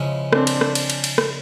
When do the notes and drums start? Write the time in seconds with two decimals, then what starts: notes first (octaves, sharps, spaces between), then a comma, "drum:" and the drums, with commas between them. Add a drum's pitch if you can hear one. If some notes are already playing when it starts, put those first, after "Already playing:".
Already playing: C#3 F3 G#3 C#4 E4
0.33 C4 D4, drum: rim click
0.47 drum: cymbal
0.61 drum: rim click
0.75 drum: cymbal
0.90 drum: cymbal
1.04 drum: cymbal
1.18 drum: rim click